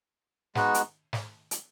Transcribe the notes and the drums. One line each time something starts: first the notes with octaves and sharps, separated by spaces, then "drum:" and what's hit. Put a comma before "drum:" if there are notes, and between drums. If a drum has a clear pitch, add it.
G#3 B3 D#4 F#4, drum: snare
drum: hi-hat
drum: snare
drum: hi-hat